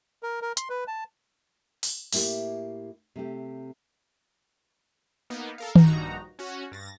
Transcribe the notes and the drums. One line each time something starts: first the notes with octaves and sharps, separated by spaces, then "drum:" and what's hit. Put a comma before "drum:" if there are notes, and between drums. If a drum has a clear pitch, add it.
A#4
A#4
C6, drum: hi-hat
B4
A5
drum: open hi-hat
A2 A#3 E4 G4, drum: open hi-hat
C3 A3 G4
A#3 B3 D#4
A4 A#4 F5
A#1 G2 D#4 F#4 A#5, drum: tom D#3
C#4 F#4
G2 A6 A#6